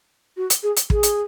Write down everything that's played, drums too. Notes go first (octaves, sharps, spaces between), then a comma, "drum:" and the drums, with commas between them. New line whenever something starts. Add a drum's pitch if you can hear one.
F#4
drum: hi-hat
G#4
drum: hi-hat
G#4, drum: kick
drum: hi-hat